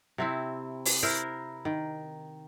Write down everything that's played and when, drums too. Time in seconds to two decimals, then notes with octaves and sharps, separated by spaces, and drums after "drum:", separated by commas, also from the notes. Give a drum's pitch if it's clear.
0.18 C3 C4 E4
0.85 drum: open hi-hat
1.03 E4 A#4 C5
1.65 D#3